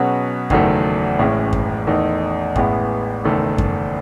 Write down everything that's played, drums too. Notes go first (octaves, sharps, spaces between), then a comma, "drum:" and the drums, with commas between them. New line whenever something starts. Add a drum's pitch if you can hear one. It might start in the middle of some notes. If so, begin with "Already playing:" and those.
Already playing: B2 F#3 C#4 G#4 B4
F#1 E2 D#3 F#3 A3, drum: kick F#2
A1 A2 G#3 C#4
drum: kick F#2
E2 D#3 A3 D#4
A1 A2 E3 G#3 B3, drum: kick F#2
F#1 E2 D#3 A3
drum: kick F#2